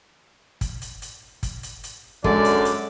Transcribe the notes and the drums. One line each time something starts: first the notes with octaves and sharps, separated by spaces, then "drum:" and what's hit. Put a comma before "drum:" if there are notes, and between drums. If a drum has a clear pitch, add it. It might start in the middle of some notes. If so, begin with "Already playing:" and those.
drum: kick, hi-hat
drum: hi-hat
drum: hi-hat
drum: kick, hi-hat
drum: hi-hat
drum: hi-hat
F#2 D3 G#3 D5, drum: kick
drum: hi-hat
drum: hi-hat